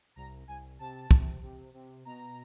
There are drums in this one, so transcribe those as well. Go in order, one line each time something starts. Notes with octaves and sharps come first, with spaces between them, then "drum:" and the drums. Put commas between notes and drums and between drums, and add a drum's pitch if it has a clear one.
C2 A#5
C2 G#5
C3 A5
C3, drum: kick
C3
C3
B2 A#5